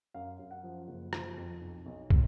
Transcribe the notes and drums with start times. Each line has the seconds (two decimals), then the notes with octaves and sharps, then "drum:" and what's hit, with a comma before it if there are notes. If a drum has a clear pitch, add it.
0.14 F#2 F5
0.39 F#2
0.51 F#5
0.64 F3
0.88 F#1
1.13 F3, drum: rim click
1.37 F2
1.61 B1
1.86 B1
2.10 B2, drum: kick